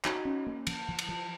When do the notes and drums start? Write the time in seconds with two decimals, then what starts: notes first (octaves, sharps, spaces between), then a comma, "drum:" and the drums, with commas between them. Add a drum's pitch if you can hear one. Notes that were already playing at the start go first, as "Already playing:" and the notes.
0.05 F3 D#4 F#4, drum: clap
0.25 C#4
0.47 A#3
0.67 F3, drum: cymbal
0.88 F3
0.99 drum: cymbal
1.09 F3